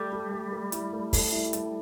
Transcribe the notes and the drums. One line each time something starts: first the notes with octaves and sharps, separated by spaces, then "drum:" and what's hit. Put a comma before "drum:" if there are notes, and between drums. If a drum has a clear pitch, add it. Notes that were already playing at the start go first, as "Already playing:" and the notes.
Already playing: G3 A3 A4
A4
A3
A3
E4, drum: hi-hat
A3
A4, drum: kick, open hi-hat
E4
A4, drum: hi-hat